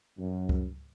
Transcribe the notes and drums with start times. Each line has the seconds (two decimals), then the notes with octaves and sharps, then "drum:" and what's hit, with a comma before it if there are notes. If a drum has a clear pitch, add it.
0.19 F#2
0.49 drum: kick C#2